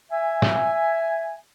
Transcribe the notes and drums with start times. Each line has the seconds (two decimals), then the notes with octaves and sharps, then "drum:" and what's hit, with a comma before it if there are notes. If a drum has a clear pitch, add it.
0.12 E5 G#5
0.42 drum: snare